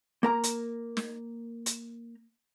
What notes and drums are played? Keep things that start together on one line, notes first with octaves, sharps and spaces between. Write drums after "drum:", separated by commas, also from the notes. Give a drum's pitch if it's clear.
A#3 A#4 A#5
drum: hi-hat
drum: snare
drum: hi-hat